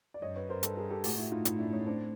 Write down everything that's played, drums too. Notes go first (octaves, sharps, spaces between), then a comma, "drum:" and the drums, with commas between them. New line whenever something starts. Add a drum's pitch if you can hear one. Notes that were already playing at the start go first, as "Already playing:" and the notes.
D5
F#2 C#5 D#5
B4 C#5
A#4 C5
G2 A4 B4, drum: hi-hat
G#4 A#4
G4 A4
A2 F#4 G#4, drum: open hi-hat
E4 F#4
D#4 F4
D#4 F4, drum: hi-hat
D4 E4
C#4 D#4
C4 D4